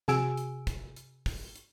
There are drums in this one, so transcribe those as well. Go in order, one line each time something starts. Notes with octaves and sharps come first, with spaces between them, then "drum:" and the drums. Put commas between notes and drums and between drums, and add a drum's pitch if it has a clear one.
C3 F#4 G#4 G#5 E6 D7, drum: snare
drum: hi-hat
drum: kick, hi-hat
drum: hi-hat
drum: kick, open hi-hat
drum: hi-hat